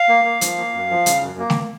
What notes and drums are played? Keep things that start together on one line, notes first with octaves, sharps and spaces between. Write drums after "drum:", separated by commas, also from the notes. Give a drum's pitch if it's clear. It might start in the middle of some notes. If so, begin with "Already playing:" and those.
Already playing: F5
A#3
A#3
F3, drum: hi-hat
A#3
F#2
F3
C#3, drum: hi-hat
F#2
A#3
drum: snare A3